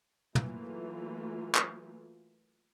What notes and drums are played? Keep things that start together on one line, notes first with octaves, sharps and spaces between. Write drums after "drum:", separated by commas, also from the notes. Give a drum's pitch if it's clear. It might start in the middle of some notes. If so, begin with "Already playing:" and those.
E3 F#3 A3 A#3 F4, drum: tom
drum: clap